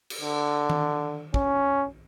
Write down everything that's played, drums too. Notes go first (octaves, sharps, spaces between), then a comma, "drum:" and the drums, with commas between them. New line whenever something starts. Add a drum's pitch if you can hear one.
drum: cymbal
D3
drum: tom D#3
C#4, drum: kick